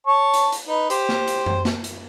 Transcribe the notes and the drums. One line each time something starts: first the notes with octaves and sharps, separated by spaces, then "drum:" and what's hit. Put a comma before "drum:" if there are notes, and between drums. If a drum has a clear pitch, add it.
C#5 A5 C#6
drum: hi-hat
drum: hi-hat
D#4 B4
G4 C5, drum: hi-hat
drum: snare
drum: hi-hat
drum: tom F#2
drum: snare
drum: hi-hat